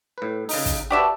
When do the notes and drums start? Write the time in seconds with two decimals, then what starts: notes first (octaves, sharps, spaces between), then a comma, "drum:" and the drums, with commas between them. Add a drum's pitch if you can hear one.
0.18 A2 B4
0.49 C#3 D#4, drum: open hi-hat
0.66 drum: kick, hi-hat
0.90 F#4 G4 B4 D5 E5 A5